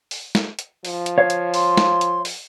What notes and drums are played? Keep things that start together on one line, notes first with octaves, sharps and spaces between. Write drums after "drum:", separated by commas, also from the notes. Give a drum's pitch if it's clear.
drum: open hi-hat
drum: snare
drum: hi-hat
F3, drum: open hi-hat
drum: hi-hat
C#5 F5
drum: hi-hat
C6, drum: open hi-hat
drum: snare
drum: hi-hat
drum: open hi-hat